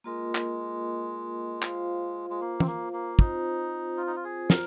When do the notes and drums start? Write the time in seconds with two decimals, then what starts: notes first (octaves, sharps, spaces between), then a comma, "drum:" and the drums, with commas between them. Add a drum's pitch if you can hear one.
0.04 G#3 A#3 F4 A#4 D#5
0.35 drum: clap
1.62 F4 C5 F5, drum: clap
2.30 G#3
2.41 A#3
2.60 C4, drum: tom
2.67 A#3
2.93 A#3
3.19 C4 D#4 F4 C5, drum: kick
3.97 F4
4.07 D#4
4.16 F4
4.24 G#4
4.50 A#4, drum: snare